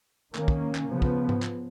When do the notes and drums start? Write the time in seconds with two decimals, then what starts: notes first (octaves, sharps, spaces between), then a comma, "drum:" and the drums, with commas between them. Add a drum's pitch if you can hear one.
0.35 D#3 A#3 C#4, drum: clap
0.48 drum: kick
0.75 drum: clap
0.89 C#3 F3 B3
1.02 drum: kick
1.29 drum: tom G#2
1.42 drum: clap